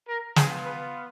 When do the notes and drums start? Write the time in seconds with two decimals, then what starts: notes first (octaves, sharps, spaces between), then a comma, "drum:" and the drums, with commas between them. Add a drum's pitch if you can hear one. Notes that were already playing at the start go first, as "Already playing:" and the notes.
0.09 A#4
0.36 B3 F4 G#4, drum: snare
0.66 B4